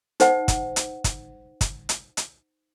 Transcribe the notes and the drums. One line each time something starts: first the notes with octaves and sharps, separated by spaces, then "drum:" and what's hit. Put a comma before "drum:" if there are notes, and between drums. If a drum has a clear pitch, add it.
D#4 C5 F#5, drum: hi-hat
drum: kick, hi-hat
drum: hi-hat
drum: kick, hi-hat
drum: kick, hi-hat
drum: hi-hat
drum: hi-hat